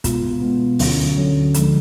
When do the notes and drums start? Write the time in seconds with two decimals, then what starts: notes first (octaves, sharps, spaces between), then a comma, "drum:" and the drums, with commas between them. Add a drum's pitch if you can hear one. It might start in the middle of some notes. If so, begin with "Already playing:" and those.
0.04 B2 G#3 B3 F4, drum: kick, hi-hat
0.42 B2 G#3 B3 F4
0.79 D2 D3 F#3 C#4, drum: open hi-hat
1.16 D2 D3 F#3 C#4
1.54 D3 F3 G#3, drum: hi-hat